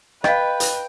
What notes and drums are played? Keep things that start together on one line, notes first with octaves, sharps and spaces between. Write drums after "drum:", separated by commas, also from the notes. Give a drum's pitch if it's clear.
B4 D#5 F5 G5, drum: rim click
drum: hi-hat